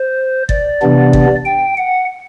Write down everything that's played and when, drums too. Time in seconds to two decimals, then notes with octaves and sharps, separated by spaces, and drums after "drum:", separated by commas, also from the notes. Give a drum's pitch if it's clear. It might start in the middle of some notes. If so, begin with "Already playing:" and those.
Already playing: C5
0.49 D5, drum: kick G1
0.81 C3 E3 B3 D4
1.13 drum: kick G1
1.46 G5
1.77 F#5